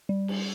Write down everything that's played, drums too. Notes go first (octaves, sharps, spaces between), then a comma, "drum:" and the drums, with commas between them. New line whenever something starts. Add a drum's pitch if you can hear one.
G3
drum: cymbal